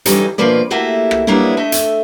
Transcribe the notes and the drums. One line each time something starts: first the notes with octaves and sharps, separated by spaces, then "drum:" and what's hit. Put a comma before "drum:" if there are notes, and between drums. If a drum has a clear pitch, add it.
D3 E3 F#3 G3 D#4, drum: hi-hat
D2 B2 F3 A#3 B4 D5
A3 A#3 E4 F#4 G4
drum: rim click
F#3 G3 A#3 B3 D4 E4
A3 D#5 E5
drum: hi-hat